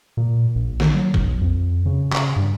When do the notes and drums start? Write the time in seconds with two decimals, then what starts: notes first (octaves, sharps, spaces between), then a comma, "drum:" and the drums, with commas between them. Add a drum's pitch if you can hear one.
0.17 A#2
0.56 A#1
0.80 D#3, drum: snare
0.94 F#3
1.14 B1, drum: kick
1.41 F2
1.86 C#3
2.12 C#3, drum: clap
2.36 G2